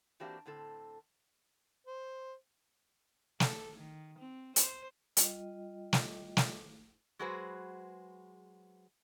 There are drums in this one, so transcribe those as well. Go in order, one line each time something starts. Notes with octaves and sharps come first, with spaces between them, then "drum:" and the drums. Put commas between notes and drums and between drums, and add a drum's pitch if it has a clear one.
E3 A#3 C4 D4 F#4 G4
A2 D3 C4 A4
C5
A4, drum: snare
D#3
C4
C5, drum: hi-hat
G3 F4 D#5 G5, drum: hi-hat
drum: snare
drum: snare
F#3 G#3 F#4 G#4 B4 C5